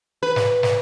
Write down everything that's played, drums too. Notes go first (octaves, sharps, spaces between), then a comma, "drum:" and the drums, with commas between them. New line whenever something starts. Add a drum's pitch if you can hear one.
B4
drum: snare
drum: snare